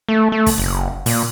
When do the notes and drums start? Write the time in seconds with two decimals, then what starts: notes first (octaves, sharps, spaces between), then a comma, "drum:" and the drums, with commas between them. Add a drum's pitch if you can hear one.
0.09 A3
0.32 A3
0.46 drum: kick, open hi-hat
0.58 F#1
1.06 A#2, drum: open hi-hat